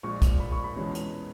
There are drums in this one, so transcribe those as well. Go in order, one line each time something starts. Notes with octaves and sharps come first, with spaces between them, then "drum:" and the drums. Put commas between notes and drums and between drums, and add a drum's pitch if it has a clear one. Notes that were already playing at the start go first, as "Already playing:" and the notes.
A#1 A#2 G#3 C#6
drum: kick, hi-hat
B5
C#6
B5
E2 B2 G#3 C#4
drum: hi-hat